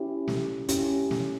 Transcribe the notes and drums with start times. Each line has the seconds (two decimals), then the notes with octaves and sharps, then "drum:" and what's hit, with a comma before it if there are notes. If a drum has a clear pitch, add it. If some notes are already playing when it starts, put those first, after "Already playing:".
Already playing: C#4 E4 G4
0.28 A3, drum: snare
0.68 C#4 E4 G4, drum: hi-hat
1.11 A3, drum: snare